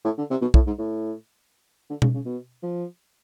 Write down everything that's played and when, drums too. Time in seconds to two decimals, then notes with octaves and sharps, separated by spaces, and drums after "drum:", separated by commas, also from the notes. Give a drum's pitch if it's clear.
0.04 A2
0.18 D3
0.30 C3
0.41 B2
0.54 A2, drum: kick
0.66 G#2
0.79 A2
1.90 D3
2.02 C#3, drum: tom B2
2.14 C#3
2.25 B2
2.62 F3